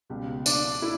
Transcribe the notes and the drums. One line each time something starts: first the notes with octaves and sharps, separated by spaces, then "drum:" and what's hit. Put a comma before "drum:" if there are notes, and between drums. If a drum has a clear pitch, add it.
C#2 B2 G3
D4 D5, drum: tambourine
E4